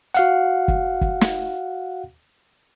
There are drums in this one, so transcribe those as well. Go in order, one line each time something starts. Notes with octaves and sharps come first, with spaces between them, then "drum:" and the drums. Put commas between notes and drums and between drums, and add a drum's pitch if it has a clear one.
F#4 F5 F#5, drum: hi-hat
drum: kick
drum: kick
drum: snare